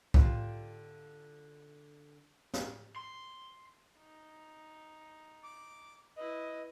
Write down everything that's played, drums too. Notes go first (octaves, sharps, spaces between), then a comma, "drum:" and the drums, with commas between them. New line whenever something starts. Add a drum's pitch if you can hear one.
D3 F4 G4 D5, drum: kick
drum: snare
C6
D#4
D6
E4 B4 D#5